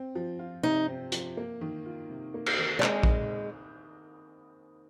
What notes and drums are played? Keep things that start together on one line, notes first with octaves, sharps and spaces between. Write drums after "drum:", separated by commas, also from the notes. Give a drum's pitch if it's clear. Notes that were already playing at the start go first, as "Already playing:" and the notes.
Already playing: C4
F3
F4
C3 D#4
C4
F3, drum: hi-hat
A#3
D#3
F4
C3
A#3
drum: cymbal
D#3
G3
G#3 C4, drum: clap
drum: kick A#1